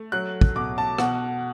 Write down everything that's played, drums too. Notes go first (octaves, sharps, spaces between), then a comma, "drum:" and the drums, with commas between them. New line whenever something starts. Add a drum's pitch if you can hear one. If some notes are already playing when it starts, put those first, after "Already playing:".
Already playing: A3
F#3 F#6
drum: kick
B2 D6
A5
B2 F#5, drum: rim click